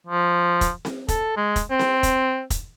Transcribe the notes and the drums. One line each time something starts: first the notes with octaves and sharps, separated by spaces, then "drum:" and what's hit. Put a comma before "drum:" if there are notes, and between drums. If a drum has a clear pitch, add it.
F3
drum: kick, hi-hat
drum: snare C4
A4, drum: kick, hi-hat
G#3
drum: kick, hi-hat
C4
drum: snare C4
drum: kick, hi-hat
drum: kick, hi-hat